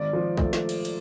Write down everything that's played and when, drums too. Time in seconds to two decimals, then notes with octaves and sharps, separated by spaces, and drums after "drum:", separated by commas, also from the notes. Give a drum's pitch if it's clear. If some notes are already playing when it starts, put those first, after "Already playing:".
Already playing: G#1 D5
0.13 F3
0.37 A3, drum: kick
0.53 drum: snare
0.69 drum: cymbal
0.85 drum: cymbal